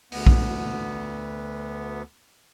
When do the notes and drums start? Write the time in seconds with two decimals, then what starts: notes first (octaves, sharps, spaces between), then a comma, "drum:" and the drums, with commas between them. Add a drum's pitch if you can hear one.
0.12 D2 B3, drum: open hi-hat
0.27 drum: kick A#1